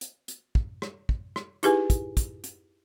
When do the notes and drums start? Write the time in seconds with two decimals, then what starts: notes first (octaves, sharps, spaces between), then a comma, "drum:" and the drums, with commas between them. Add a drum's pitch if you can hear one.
0.01 drum: hi-hat
0.28 drum: hi-hat
0.55 drum: kick
0.82 drum: rim click
1.09 drum: kick
1.36 drum: rim click
1.63 D#4 E4 G4 G#4 B4 G#5, drum: hi-hat
1.90 drum: kick, hi-hat
2.17 drum: kick, hi-hat
2.44 drum: hi-hat